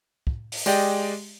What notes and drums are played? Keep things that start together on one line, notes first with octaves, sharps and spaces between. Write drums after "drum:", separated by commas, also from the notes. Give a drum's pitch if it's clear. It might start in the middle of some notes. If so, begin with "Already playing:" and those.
drum: kick
drum: open hi-hat
G#3 G4 D5 D#5 G5, drum: tambourine